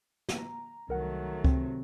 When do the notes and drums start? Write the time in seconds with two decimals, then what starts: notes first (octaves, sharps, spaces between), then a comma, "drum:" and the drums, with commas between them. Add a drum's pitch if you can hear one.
0.29 drum: snare
0.38 A#5
0.89 C2 D#3 F#3 A3 A#4 F#5
1.44 C3 C4, drum: kick C#2